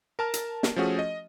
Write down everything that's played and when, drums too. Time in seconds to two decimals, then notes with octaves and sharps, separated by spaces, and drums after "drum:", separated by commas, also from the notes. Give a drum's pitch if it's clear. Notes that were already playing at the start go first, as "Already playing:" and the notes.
0.19 A#4 A5 F6
0.34 drum: hi-hat
0.63 drum: snare
0.76 F3 A3 C#4 F#4 G#4
0.99 D#5